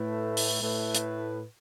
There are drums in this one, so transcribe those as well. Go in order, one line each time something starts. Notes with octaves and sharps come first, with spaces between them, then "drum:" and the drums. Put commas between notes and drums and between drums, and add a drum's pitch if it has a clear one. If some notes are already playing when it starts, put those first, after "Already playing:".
Already playing: A2 A3 E4 B4
drum: open hi-hat
A2 A3 E4 B4
drum: hi-hat